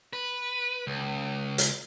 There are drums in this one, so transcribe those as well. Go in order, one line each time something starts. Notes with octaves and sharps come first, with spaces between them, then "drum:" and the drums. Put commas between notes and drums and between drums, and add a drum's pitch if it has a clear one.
B4
C#2
drum: hi-hat